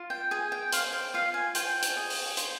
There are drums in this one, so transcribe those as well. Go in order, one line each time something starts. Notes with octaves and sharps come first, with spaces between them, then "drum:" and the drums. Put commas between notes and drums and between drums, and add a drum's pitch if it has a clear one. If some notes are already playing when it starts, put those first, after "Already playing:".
Already playing: F4
G5
G#4 G#5
G5
C5 F5, drum: hi-hat
G5
F4 F5
G#5
F4 G5, drum: hi-hat
drum: hi-hat
G#4
drum: open hi-hat
C5, drum: hi-hat